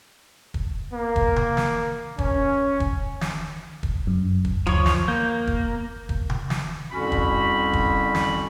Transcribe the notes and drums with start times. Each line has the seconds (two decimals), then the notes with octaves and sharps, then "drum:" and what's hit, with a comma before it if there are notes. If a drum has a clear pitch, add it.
0.54 drum: kick
0.93 A#3
1.16 drum: kick
1.36 drum: tom C3
1.57 drum: snare
2.19 C#4, drum: kick
2.80 drum: kick
3.21 drum: snare
3.83 drum: kick
4.07 F#2
4.45 drum: kick
4.67 F3 C#5, drum: tom D2
4.86 drum: snare
5.08 A#3 G6
5.47 drum: kick
6.09 drum: kick
6.30 drum: tom C3
6.50 drum: snare
6.91 C2 F2 C#4 F#4 B5
7.12 drum: kick
7.73 drum: kick
8.15 drum: snare